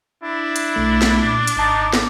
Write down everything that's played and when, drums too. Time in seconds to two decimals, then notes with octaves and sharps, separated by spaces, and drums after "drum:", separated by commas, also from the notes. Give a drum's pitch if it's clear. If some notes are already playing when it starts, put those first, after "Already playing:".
0.23 D4 E4
0.56 drum: hi-hat
0.76 B1 A3
1.02 drum: snare
1.25 A#2 D6
1.47 drum: hi-hat
1.57 G#1 D#4 A5 A6
1.93 drum: snare